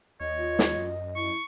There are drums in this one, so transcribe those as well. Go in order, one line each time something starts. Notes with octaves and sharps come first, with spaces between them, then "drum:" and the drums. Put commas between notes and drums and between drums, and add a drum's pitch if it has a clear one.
D#2 C#5 D#5
F4
drum: snare
F#2
E4 C#6